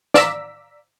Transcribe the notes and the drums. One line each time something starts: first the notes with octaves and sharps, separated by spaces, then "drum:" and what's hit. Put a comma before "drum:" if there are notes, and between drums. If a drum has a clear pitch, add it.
D5 F5 A#5 D6 E6 B6, drum: snare